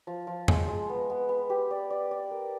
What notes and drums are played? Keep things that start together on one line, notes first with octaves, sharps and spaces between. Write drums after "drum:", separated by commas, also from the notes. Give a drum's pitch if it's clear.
F3
F3
G#3, drum: tom E2
G#3
B3
B3
B3
G4
D5
D5
D5
A#4